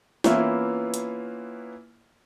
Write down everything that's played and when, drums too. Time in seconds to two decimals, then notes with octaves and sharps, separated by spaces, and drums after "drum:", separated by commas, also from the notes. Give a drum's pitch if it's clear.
0.24 E3 A#3 B3 C#4 E4 F4, drum: snare
0.94 drum: hi-hat